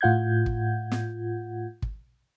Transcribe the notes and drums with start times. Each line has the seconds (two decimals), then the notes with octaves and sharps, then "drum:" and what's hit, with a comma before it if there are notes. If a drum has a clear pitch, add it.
0.01 A2 F4 F#5 G6 G#6
0.46 drum: kick
0.92 drum: snare
1.82 drum: kick